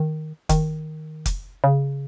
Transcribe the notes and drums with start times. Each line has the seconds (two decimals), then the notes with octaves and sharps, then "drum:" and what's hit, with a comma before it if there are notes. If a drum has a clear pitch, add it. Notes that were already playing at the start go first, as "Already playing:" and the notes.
Already playing: D#3
0.49 D#3, drum: kick F1, hi-hat
1.26 drum: kick F1, hi-hat
1.64 C#3